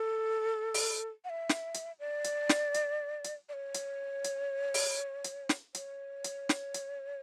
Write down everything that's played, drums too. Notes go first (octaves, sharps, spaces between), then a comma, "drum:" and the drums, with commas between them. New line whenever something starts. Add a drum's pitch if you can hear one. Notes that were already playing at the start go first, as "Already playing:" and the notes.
Already playing: A4
drum: open hi-hat
F#5
E5
drum: snare
drum: hi-hat
D5
drum: hi-hat
drum: snare
drum: hi-hat
drum: hi-hat
D5
C#5
drum: hi-hat
drum: hi-hat
drum: open hi-hat
drum: hi-hat
drum: snare
C#5, drum: hi-hat
drum: hi-hat
drum: snare
drum: hi-hat